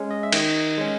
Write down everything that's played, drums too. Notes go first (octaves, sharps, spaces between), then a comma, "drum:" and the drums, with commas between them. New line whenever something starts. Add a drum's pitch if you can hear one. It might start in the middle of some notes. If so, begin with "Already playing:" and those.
Already playing: G#3 C#4
D#5
E5
D#3 D#5, drum: cymbal
G#3 C#4